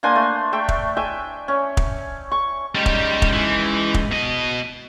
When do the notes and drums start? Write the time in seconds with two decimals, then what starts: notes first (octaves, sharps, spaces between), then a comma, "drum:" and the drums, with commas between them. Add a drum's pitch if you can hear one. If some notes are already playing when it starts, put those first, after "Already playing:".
0.03 A#3 D4 C5 G#5
0.15 A3
0.52 A3 E5 G5
0.68 drum: kick
0.97 E5 G5 G#5
1.48 C#4
1.77 drum: kick
2.31 C#6
2.75 G3 G#3 C#4 D#4 G4
2.86 drum: kick
3.22 drum: kick
3.33 E3
3.94 drum: kick
4.12 B2 D#5